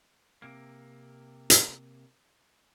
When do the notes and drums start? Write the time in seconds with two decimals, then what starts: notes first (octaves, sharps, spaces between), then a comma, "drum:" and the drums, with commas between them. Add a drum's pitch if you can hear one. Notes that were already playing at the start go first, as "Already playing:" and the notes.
0.42 C3 A#3
1.50 drum: hi-hat